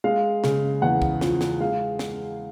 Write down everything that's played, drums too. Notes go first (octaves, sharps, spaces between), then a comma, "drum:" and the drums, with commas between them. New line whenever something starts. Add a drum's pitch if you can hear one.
G#3 F5
C#3, drum: snare
E2 F#5
drum: kick
F3, drum: snare
drum: snare
G#3 F5
drum: snare